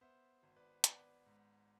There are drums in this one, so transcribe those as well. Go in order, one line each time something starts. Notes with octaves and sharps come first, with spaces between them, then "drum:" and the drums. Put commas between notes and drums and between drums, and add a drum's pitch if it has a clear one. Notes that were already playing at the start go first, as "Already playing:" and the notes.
B3 C5 E5
G#1
B4 D5
B3 B4 D5, drum: hi-hat
G#2